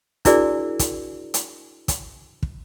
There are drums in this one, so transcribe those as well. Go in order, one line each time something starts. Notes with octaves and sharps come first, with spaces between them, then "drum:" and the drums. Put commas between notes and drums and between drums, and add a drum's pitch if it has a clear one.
D4 E4 F#4 G#4 A#4 D5, drum: kick, hi-hat
drum: kick, hi-hat
drum: hi-hat
drum: kick, hi-hat
drum: kick